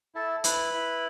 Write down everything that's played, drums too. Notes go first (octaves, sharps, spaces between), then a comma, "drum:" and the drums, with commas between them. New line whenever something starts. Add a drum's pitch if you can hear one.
E4 A4 A5
E4 B4 B5, drum: hi-hat
E4